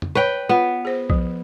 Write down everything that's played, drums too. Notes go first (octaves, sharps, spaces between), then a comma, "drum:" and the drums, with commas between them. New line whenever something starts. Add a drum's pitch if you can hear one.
drum: tom F2
B4 C#5 G5 C#6
B3 F4
G#4 C5
F3, drum: kick